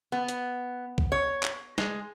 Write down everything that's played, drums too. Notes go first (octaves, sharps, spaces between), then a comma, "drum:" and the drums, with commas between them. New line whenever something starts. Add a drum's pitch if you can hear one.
B3
drum: hi-hat
drum: kick B1
C#5
drum: clap
G#3, drum: snare